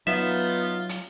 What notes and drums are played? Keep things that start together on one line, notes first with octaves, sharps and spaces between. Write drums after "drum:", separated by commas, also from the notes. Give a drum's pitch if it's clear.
F#3 B3 D#4 F4 E5
drum: hi-hat